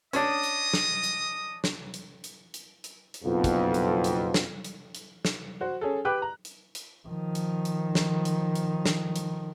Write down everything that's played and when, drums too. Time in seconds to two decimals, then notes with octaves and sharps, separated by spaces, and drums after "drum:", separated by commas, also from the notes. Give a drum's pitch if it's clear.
0.13 C#4 D4 D#5 D#6, drum: hi-hat
0.43 drum: hi-hat
0.74 drum: snare
1.04 drum: hi-hat
1.64 drum: snare
1.94 drum: hi-hat
2.24 drum: hi-hat
2.54 drum: hi-hat
2.84 drum: hi-hat
3.14 drum: hi-hat
3.24 F#1 B1 F2 C3 B3 F4
3.44 drum: kick, hi-hat
3.74 drum: hi-hat
4.04 drum: hi-hat
4.34 drum: snare
4.64 drum: hi-hat
4.95 drum: hi-hat
5.25 drum: snare
5.61 F#4 C5
5.81 C#4 G#4 A4
6.05 G4 B4 G5 B5 D6 F#6
6.22 A#5
6.45 drum: hi-hat
6.75 drum: hi-hat
7.08 D#3 F3
7.35 drum: hi-hat
7.65 drum: hi-hat
7.95 drum: snare
8.25 drum: hi-hat
8.55 drum: hi-hat
8.86 drum: snare
9.16 drum: hi-hat